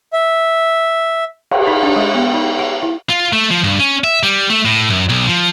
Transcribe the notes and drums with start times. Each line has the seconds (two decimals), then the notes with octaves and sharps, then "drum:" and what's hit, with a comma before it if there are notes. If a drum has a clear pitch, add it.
0.13 E5
1.51 drum: cymbal
1.67 D#4
1.83 D4
1.96 G#3
2.15 B3
2.34 D#4
2.59 F#5
2.83 E4
3.09 F4
3.33 A3
3.50 F3
3.64 G2
3.79 C#4
4.04 E5
4.23 G3
4.50 A3
4.65 A2
4.90 F#2
5.09 B1
5.28 F3